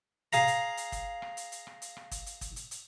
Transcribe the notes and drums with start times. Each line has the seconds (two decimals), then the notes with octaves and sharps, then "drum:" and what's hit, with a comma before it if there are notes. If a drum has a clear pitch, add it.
0.33 G#4 F5 A#5, drum: hi-hat
0.48 drum: hi-hat
0.77 drum: hi-hat
0.92 drum: kick G1, hi-hat
1.22 drum: rim click
1.37 drum: hi-hat
1.52 drum: hi-hat
1.67 drum: rim click
1.82 drum: hi-hat
1.97 drum: rim click
2.11 drum: kick G1, hi-hat
2.26 drum: hi-hat
2.41 drum: kick G1, hi-hat
2.56 drum: hi-hat
2.71 drum: hi-hat